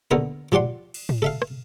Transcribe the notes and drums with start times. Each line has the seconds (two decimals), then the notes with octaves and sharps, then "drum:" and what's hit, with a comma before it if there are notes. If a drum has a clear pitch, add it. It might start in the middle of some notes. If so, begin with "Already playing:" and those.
0.11 D#2 D3 B3 A#4
0.52 F3 G4 D5 F#5 C6
0.94 drum: cymbal
1.09 drum: tom
1.22 A4 E5 F5
1.42 drum: rim click